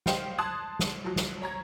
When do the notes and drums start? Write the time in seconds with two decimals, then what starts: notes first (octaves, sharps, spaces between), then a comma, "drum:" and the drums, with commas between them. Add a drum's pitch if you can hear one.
0.06 G4 C5 D#5 F5 G5, drum: snare
0.38 A5 C6 D#6 F#6 G#6
0.79 drum: snare
1.04 F3 F#3
1.16 drum: snare
1.42 C#5 A#5 G#6